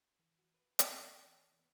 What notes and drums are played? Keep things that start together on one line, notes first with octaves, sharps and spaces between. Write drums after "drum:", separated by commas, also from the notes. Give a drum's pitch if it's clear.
E3
F#4
B4
D#4, drum: hi-hat
E3
E3
B3